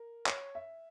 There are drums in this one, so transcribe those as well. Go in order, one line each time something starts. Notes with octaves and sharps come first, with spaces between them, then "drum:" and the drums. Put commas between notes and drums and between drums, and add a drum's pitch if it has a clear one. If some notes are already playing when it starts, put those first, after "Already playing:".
Already playing: A#4
C#5, drum: clap
E5